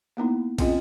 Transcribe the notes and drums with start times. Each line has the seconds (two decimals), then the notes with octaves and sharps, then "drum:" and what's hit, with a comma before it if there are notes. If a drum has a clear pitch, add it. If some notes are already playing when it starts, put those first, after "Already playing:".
0.17 A#3 B3 D#4 E4
0.58 C4 C#4 F4 G#4 D#5, drum: kick, cymbal